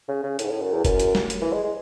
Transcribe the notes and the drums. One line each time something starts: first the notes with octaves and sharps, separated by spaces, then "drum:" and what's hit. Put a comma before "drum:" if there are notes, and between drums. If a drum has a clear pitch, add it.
C#3
C#3
A2, drum: hi-hat
G#2
A2
F#2
E2
F#2, drum: kick F#1, hi-hat
drum: hi-hat
drum: snare
drum: hi-hat
E3
G#3
G#3